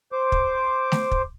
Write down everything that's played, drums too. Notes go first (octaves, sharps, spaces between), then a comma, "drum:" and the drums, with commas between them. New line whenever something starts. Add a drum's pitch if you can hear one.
C5 D6
drum: kick
drum: snare A3
drum: kick